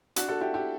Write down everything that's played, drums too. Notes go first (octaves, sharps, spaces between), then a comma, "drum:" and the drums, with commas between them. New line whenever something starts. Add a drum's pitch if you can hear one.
D4 F#4, drum: hi-hat
F#4 A4
E4 G4
E4 G4